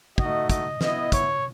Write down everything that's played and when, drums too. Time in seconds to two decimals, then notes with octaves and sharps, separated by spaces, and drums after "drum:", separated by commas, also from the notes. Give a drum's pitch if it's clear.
0.18 A3 D#4 F#4 D#5, drum: kick
0.50 D#5, drum: kick, hi-hat
0.81 B3 E4 D#5, drum: snare
1.12 C#5, drum: kick, hi-hat